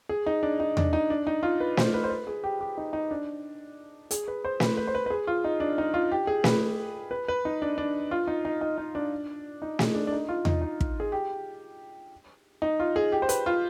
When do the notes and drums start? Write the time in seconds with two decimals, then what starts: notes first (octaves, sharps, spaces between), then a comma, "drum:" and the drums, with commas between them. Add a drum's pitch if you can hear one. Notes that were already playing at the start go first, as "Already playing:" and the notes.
0.09 G#4
0.26 D#4
0.43 D4
0.60 D#4
0.77 D4, drum: tom E2
0.93 D#4
1.10 D4
1.27 D#4
1.43 F4
1.60 B4
1.77 C5, drum: snare
1.94 B4
2.04 C5
2.10 B4
2.27 G#4
2.44 G4
2.61 G4
2.77 D#4
2.93 D#4
3.11 D4
4.11 G#4, drum: hi-hat
4.28 B4
4.45 C5
4.60 B4, drum: snare
4.77 B4
4.87 C5
4.95 B4
5.06 B4
5.10 G#4
5.27 F4
5.44 D#4
5.60 D4
5.78 D#4
5.94 F4
6.12 G4
6.27 G#4
6.44 B4, drum: snare
7.11 B4
7.28 B4
7.45 D#4
7.62 D4
7.78 D4
8.11 F4
8.27 D#4
8.45 D#4
8.61 D#4
8.78 D#4
8.95 D4
9.62 D#4
9.79 G#4, drum: snare
9.95 D4
10.07 D4
10.12 D#4
10.29 F4
10.45 D#4, drum: tom E2
10.61 D#4
10.81 drum: kick
11.00 G#4
11.12 G4
12.62 D#4
12.80 F4
12.96 G#4
13.12 G4
13.22 C5
13.29 B4, drum: hi-hat
13.46 F4